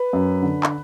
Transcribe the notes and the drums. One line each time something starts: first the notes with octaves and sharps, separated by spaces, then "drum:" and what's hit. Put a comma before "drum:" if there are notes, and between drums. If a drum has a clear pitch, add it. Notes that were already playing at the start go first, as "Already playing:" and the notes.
Already playing: B4
F#2
D3
drum: clap